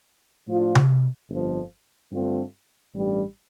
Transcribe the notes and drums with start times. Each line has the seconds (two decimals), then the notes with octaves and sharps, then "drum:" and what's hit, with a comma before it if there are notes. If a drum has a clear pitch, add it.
0.48 A2 F3 D4 F4
0.75 drum: tom C3
1.30 G1 F2 F3
2.12 G2 D3 A3 C4 F4
2.95 A1 G2 G3